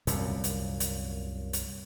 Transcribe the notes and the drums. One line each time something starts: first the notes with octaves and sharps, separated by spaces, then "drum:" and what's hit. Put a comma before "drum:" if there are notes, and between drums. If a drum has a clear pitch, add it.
C2 F#2 A#2, drum: hi-hat
drum: hi-hat
drum: hi-hat
drum: hi-hat